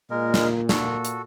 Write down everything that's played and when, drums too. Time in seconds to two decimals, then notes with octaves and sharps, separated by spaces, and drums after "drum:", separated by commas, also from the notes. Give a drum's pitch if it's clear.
0.10 A#2 G#3 A#4
0.34 drum: snare
0.69 F#4 A4, drum: snare
1.05 drum: hi-hat